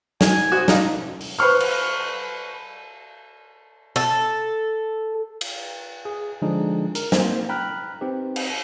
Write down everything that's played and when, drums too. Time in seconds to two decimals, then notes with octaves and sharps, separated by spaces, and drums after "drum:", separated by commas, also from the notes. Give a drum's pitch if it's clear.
0.21 G#5, drum: snare
0.52 F#4 C5 D#6
0.68 D4 D#4 F4, drum: snare
1.21 drum: open hi-hat
1.39 B4 C5 C#6 F6
1.60 drum: cymbal
3.96 A4, drum: hi-hat
5.41 drum: cymbal
6.05 G#4
6.42 D3 F3 G#3 D4 D#4 G#4
6.95 A#4, drum: hi-hat
7.12 A#3 C4 C5, drum: snare
7.49 G5 A#5 B5 F6 F#6
8.01 C4 D#4 G4 B4
8.36 drum: cymbal